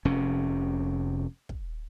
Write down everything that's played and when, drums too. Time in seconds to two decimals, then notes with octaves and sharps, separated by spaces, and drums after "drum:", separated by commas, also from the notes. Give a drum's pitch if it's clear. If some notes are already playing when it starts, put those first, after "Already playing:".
0.05 F1 C3 C#4
1.49 drum: kick